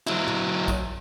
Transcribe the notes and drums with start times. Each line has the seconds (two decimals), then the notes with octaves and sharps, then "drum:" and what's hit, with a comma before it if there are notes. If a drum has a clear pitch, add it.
0.07 F#3 E4, drum: clap
0.27 drum: tom
0.68 drum: kick, tambourine